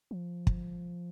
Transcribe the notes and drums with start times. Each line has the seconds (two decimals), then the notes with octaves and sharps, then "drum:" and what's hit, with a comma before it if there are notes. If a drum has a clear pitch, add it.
0.11 F3
0.47 drum: kick